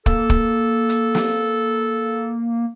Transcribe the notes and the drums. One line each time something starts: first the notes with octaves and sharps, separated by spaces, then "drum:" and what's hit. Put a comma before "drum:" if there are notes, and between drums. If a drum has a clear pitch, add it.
A#3 A4, drum: kick
drum: kick
drum: hi-hat
drum: snare